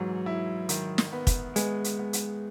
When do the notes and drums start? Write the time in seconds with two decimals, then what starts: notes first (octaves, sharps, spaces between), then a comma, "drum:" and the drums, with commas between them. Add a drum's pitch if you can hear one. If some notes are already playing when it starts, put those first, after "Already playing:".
Already playing: G#2 E3 F#3
0.26 E4
0.69 D#3, drum: hi-hat
0.98 drum: snare
1.13 B3
1.27 drum: kick, hi-hat
1.56 G#3 B3, drum: hi-hat
1.84 drum: hi-hat
1.99 B3
2.13 drum: hi-hat